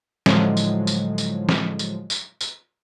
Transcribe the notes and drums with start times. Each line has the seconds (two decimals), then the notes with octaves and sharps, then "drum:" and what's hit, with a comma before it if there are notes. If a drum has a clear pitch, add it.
0.26 A2 D3 F3 F#3 G#3, drum: snare
0.57 drum: tambourine
0.87 drum: tambourine
1.18 drum: tambourine
1.49 drum: snare
1.79 drum: tambourine
2.10 drum: tambourine
2.41 drum: tambourine